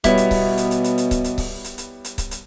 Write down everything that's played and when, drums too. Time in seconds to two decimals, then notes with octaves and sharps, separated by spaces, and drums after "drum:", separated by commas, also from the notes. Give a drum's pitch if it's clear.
0.04 B2 G3 B3 E4 C#5, drum: kick C#1, hi-hat
0.17 drum: hi-hat
0.31 drum: kick C#1, open hi-hat
0.58 drum: hi-hat
0.71 drum: hi-hat
0.84 drum: hi-hat
0.98 drum: hi-hat
1.11 drum: kick C#1, hi-hat
1.24 drum: hi-hat
1.38 drum: kick C#1, open hi-hat
1.64 drum: hi-hat
1.78 drum: hi-hat
2.04 drum: hi-hat
2.18 drum: kick C#1, hi-hat
2.31 drum: hi-hat